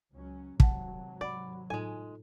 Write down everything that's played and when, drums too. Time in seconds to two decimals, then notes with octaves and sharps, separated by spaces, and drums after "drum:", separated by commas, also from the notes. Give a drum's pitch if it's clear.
0.11 C#2 F#3 C#4
0.60 D#1 G#1 C3 F#3 F#5 A5, drum: kick
1.21 C4 D5 F#5 B5
1.70 A2 G#3 D#4 F4 A4 G#5